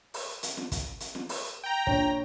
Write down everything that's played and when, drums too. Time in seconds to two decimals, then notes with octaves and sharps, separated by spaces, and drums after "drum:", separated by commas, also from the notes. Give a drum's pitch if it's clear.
0.14 drum: open hi-hat
0.43 drum: hi-hat
0.57 drum: snare
0.72 drum: kick, hi-hat
1.00 drum: hi-hat
1.15 drum: snare
1.29 drum: open hi-hat
1.64 G5 A#5
1.87 A#2 D4 C#5, drum: kick